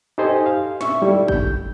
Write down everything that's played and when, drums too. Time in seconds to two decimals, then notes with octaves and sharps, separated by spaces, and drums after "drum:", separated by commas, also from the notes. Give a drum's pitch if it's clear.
0.18 D#4 G4 A4 C5 D#5 G#5
0.46 F5
0.81 E5 C#6, drum: snare
1.02 G3 D#4 E4 A4
1.28 G6, drum: kick